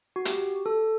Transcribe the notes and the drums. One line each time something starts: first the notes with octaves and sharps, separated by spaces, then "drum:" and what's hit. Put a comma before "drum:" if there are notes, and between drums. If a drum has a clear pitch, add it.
F#4
G4, drum: hi-hat
A4